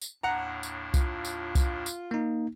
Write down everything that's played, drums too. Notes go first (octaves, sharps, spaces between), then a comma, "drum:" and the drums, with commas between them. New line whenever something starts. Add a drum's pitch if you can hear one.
drum: tambourine
D#2 A2 D4 F#5 A#5
drum: tambourine
F4, drum: kick C2, tambourine
drum: tambourine
drum: kick C2, tambourine
drum: tambourine
A#3 D#4